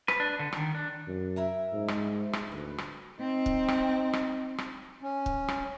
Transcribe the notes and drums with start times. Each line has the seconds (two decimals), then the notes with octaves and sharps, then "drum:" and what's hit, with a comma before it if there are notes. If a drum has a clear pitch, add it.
0.08 B4, drum: rim click
0.20 D4
0.39 D3
0.52 D#3, drum: rim click
0.75 D4
1.07 F#2
1.36 E4 A#4 E5
1.73 G#2
1.88 drum: rim click
2.33 drum: rim click
2.52 D2 B4
2.78 drum: rim click
3.20 C4 D#4
3.46 drum: kick
3.68 drum: rim click
4.13 drum: rim click
4.58 drum: rim click
5.02 C#4
5.26 drum: kick
5.48 drum: rim click